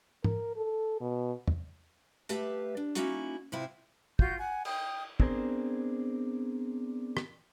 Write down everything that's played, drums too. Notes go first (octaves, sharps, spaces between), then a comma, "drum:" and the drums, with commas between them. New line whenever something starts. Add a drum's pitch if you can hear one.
A#4, drum: tom G#2
A4
B2
drum: tom E2
A3 G4 B4 E5 F5 A5, drum: hi-hat
D4
A#3 C#4 D#4 E4 F#4 A#5, drum: hi-hat
C3 C4 E4 F4
F4 F#4 G6, drum: kick
F#5 G#5
G5 D#6, drum: cymbal
B3 C4 D4 G#4 A#4 C5, drum: kick
drum: rim click